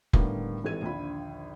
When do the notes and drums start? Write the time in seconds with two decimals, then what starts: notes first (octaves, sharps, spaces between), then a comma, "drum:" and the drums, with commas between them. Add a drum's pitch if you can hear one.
0.13 A2 D3 D#3 G3 A#3 B3, drum: kick F1
0.64 G#1 E3 G4 A4 G#6 D#7
0.81 A#1 D#2 D3 F3 B5